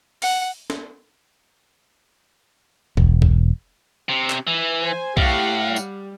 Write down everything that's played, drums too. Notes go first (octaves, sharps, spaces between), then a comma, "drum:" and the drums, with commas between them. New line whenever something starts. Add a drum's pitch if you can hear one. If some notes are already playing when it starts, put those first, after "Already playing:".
F#5, drum: open hi-hat
drum: snare
E1, drum: kick B1
drum: kick B1
C3
drum: clap
E3
C5 G#5
A2 G4 F5 F#5, drum: kick B1
G3
drum: tambourine